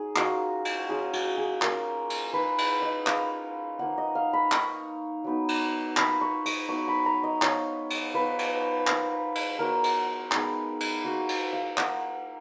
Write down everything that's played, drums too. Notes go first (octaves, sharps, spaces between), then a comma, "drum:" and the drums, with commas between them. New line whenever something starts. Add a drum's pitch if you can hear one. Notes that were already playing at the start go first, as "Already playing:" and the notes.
Already playing: F#3 D#4 G#4
A#3 C#4 F4 F#4, drum: clap
drum: cymbal
F#3 C#4 F4 G#4
F#4, drum: cymbal
G#4
A#3 C#4 F4 A#4, drum: clap
drum: cymbal
G#3 D#4 B4
drum: cymbal
D#5
A#3 F4 F5, drum: clap
F3 A#3 D#4 F#5
D#5
F5
B5
A#3 D#4 C#6, drum: clap
F#3 B3 D#4
drum: cymbal
A#3 F4 B5, drum: clap
C#6
D#6, drum: cymbal
F#3 B3 D#4 C#6
B5
A#5
D#5
F3 B3 F4 C#5, drum: clap
drum: cymbal
F3 B3 D#4 B4
drum: cymbal
A#3 F4, drum: clap
drum: cymbal
F#3 B3 F4 A#4
drum: cymbal
G#3 B3 D#4, drum: clap
drum: cymbal
A#3 F4 F#4
drum: cymbal
F5
A#3 F4 F#5, drum: clap